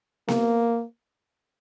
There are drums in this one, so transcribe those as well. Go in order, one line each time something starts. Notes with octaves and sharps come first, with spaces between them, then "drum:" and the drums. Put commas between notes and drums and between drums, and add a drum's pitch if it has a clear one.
A#3, drum: snare B3